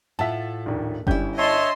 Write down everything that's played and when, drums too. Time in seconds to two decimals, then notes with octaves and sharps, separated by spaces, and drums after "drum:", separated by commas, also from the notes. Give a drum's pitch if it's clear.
0.19 A2 F4 E5 F#5 A5
0.66 A#1 D#2
1.07 G1 C#4 E4 G4 G6, drum: kick F#1
1.38 C#5 D#5 E5 A5 C6